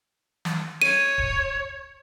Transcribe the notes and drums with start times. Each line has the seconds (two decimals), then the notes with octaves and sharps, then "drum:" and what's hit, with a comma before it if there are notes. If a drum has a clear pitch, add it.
0.45 drum: snare
0.82 C#5 D#7
1.18 drum: kick